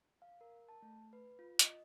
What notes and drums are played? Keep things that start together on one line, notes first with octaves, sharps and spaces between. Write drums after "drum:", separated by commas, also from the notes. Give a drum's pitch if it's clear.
F5
A#4
A5
A3
B4
F4
D#5, drum: hi-hat